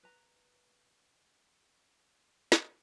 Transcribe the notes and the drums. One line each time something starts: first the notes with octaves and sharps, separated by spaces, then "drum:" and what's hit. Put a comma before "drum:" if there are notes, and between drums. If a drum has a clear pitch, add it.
B4 A#5
drum: snare